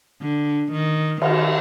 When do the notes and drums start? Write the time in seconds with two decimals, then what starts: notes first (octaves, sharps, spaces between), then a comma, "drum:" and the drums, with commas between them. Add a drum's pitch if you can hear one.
0.22 D3
0.72 D#3
1.22 D#3, drum: cymbal